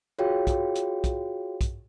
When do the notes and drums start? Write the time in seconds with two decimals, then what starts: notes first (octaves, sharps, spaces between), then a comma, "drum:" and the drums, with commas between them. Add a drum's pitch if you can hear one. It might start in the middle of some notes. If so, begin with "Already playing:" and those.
0.19 F4 F#4 G#4 C#5 F5 G5
0.47 drum: kick, hi-hat
0.75 drum: hi-hat
1.04 drum: kick, hi-hat
1.61 drum: kick, hi-hat